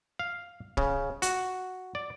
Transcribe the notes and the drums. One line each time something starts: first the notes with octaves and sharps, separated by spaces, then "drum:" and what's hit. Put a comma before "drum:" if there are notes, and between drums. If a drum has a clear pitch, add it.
F5
C#3, drum: kick
F#4, drum: hi-hat
D5